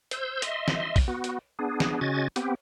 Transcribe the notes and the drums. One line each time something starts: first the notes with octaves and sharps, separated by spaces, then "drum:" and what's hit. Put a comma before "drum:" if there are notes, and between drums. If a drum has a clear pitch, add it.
C5 E6 G6, drum: hi-hat
D#5 E5 C6, drum: hi-hat
drum: snare
drum: kick A#1, open hi-hat
B3 F#4
drum: hi-hat
B3 D4 G#4
drum: snare
C#3 C#4 F#4 D#5 G#6 A6
B3 C4 G4, drum: hi-hat